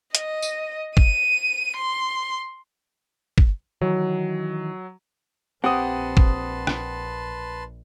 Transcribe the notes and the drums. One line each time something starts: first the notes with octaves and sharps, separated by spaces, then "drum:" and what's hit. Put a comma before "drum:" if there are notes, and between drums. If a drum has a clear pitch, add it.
D#5, drum: hi-hat
drum: tambourine
D#7, drum: kick
C6
drum: kick
D#3 E3 F#3
A#1 C4 G4 B4 F#5 A5 C6 D#6
drum: kick
drum: rim click